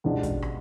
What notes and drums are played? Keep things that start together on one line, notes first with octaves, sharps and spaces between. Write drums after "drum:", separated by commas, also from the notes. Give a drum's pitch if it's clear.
C#2 B2 G3 B3 D4
drum: kick, hi-hat
drum: rim click